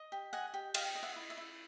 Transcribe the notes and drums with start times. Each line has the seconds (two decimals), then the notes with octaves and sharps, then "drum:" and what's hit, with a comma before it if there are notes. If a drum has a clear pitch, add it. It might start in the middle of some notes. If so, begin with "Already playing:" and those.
Already playing: D#5
0.12 G4
0.33 D#5 F#5 G#5
0.54 G4
0.74 D#5 F5 G5, drum: cymbal
0.95 D#5
1.03 E5 F#5
1.16 E4
1.30 E5
1.37 E4